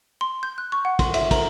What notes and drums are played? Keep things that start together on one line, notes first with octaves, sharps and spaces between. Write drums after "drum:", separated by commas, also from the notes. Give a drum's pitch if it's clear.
C6
G6
F#6
C#6
F#5
C6, drum: kick, cymbal
E5, drum: cymbal
A#5, drum: kick, cymbal